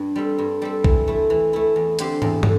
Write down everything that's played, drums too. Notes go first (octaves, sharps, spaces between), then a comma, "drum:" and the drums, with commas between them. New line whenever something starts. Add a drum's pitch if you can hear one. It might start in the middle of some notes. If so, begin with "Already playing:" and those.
Already playing: G2 D4 G4
G3 C4 A4
G2
G3 C4 A4
E3, drum: kick B1
A3 E4
E3
A3 E4
E2
D3 C4 G4 C5, drum: hi-hat
E2, drum: tom
D3, drum: tom